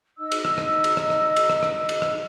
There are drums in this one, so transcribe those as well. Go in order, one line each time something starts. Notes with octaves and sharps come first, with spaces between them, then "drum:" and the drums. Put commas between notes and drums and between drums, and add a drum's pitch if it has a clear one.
D#4 D#5 E6
drum: cymbal
drum: rim click
drum: rim click
drum: cymbal
drum: rim click
drum: rim click
drum: cymbal
drum: rim click
drum: rim click
drum: cymbal
drum: rim click